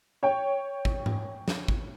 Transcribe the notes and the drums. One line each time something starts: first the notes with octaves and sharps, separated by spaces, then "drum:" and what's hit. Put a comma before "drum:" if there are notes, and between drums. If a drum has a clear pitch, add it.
C#5 G5
drum: kick
drum: tom G#2
drum: snare
drum: kick